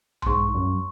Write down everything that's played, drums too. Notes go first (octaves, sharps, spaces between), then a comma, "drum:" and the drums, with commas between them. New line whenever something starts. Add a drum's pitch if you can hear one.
C6, drum: tom B1
G#2 C#6
F#2